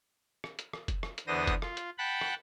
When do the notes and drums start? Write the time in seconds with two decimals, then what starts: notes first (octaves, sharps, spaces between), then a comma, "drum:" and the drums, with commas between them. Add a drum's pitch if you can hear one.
0.44 drum: rim click
0.59 drum: hi-hat
0.73 drum: rim click
0.88 drum: kick, hi-hat
1.03 drum: rim click
1.18 drum: hi-hat
1.27 E2 D3 B3 C5 D#6 A#6
1.47 drum: kick, hi-hat
1.62 F4, drum: rim click
1.77 drum: hi-hat
1.98 F#5 G5 A5 B5 F#6
2.21 drum: rim click